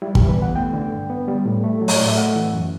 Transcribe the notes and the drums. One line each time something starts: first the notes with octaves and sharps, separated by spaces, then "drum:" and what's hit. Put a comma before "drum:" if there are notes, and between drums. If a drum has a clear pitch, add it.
G3 E4
G4, drum: kick
E3
B4
B3 F#5
A3 G5
D3
G2
B3
G3
A2
A3
F#3
C#5, drum: open hi-hat
A2 D5
E5
A3 F#5
E3
F#2